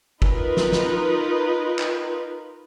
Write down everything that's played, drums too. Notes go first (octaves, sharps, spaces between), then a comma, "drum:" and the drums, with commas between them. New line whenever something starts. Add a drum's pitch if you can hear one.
D#4 F4 A#4 B4, drum: kick
drum: snare
drum: snare
drum: clap